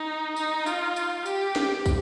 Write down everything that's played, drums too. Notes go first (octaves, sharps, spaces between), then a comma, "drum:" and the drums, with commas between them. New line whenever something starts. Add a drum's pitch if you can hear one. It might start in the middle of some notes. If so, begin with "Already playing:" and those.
Already playing: D#4
D#4, drum: tambourine
F4, drum: tambourine
drum: tambourine
G4, drum: tambourine
drum: snare
drum: kick, tambourine